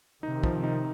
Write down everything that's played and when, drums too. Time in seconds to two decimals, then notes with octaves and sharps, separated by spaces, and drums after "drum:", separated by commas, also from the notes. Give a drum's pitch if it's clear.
0.23 C3 D#3 D#4
0.43 F3, drum: kick
0.64 D#4